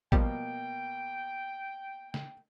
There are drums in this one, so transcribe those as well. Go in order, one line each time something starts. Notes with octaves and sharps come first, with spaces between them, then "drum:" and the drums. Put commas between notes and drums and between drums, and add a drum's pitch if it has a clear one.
B2 F3 G3 A#3 G4 G5, drum: kick A1
drum: snare